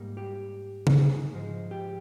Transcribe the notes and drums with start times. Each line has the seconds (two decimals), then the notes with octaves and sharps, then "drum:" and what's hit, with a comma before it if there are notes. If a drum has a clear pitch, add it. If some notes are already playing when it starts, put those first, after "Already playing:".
Already playing: G#2 G3 A#3
0.17 G4
0.87 A#4, drum: tom
0.94 G#4
1.33 G#2 F3 G#3
1.71 G4